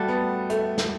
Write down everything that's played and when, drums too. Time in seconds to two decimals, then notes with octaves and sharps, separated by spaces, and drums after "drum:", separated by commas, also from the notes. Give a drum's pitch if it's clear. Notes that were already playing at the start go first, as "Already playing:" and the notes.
Already playing: G3 A3 F#4 A4
0.08 B3
0.50 A3, drum: hi-hat
0.78 drum: snare